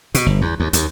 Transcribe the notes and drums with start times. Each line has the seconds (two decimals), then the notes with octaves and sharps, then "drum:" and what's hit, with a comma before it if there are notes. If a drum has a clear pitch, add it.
0.14 B2, drum: hi-hat
0.26 G1
0.42 E2
0.60 D#2
0.73 D#2, drum: hi-hat